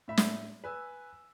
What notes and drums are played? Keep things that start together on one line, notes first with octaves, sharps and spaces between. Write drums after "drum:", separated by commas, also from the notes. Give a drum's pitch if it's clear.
A2 E5 B5
drum: snare
B4 G#5 E6